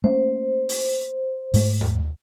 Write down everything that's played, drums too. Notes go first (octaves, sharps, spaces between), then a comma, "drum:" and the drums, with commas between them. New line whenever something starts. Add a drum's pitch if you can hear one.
A3 A#3 C#4 C5
drum: open hi-hat
G#2 A3, drum: open hi-hat
drum: tom D#2